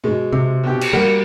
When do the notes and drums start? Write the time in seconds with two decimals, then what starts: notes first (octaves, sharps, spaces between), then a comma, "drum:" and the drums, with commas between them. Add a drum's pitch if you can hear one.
0.04 B2 G#3
0.32 C3
0.64 B2 G4
0.81 drum: cymbal
0.93 G3 A#3 F#4